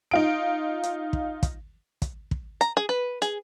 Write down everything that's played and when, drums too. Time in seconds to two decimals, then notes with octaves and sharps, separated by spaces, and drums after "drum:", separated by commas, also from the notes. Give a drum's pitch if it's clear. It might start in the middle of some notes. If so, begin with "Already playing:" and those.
0.11 D#4 F4 D7
0.83 drum: hi-hat
1.13 drum: kick
1.43 drum: kick, hi-hat
2.02 drum: kick, hi-hat
2.31 drum: kick
2.61 A#5, drum: hi-hat
2.77 G#4
2.89 B4
3.22 G#4, drum: hi-hat